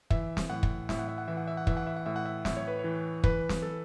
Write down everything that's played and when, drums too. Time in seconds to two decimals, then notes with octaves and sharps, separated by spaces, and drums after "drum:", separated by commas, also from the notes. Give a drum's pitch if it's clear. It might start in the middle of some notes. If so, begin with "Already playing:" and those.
0.10 E3 E5, drum: kick
0.37 drum: snare
0.50 A2 F#5
0.63 drum: kick
0.89 A2 E5, drum: snare
0.99 F#5
1.08 E5
1.18 F#5
1.28 E3 E5
1.37 F#5
1.48 E5
1.57 F#5
1.67 E3 E5, drum: kick
1.77 F#5
1.87 E5
1.96 F#5
2.06 A2 E5
2.16 F#5
2.26 E5
2.45 A2 E5, drum: snare
2.57 C#5
2.68 B4
2.79 C#5
2.84 E3
3.24 E3 B4, drum: kick
3.49 drum: snare
3.63 A4